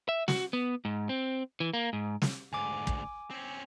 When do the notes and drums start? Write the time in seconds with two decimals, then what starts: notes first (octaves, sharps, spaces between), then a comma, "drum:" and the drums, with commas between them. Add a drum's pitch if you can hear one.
0.09 E5
0.28 F#4, drum: snare
0.53 B3
0.85 G#2
1.09 C4
1.60 E3
1.74 A#3
1.93 G#2
2.22 drum: snare
2.53 D2 G#2 G#5 D6
2.87 drum: kick
3.31 C4 C#4